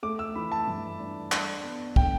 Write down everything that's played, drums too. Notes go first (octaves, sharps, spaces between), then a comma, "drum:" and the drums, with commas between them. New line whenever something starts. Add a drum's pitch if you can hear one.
A3 D6
E6
E3 B5
A5
G2
D4
D4, drum: clap
B3
D3 G5, drum: kick